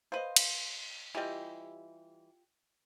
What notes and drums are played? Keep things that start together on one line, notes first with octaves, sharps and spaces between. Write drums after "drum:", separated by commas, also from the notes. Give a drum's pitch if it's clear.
B4 C5 D#5 F5
drum: cymbal
E3 G3 F4 G4 D#5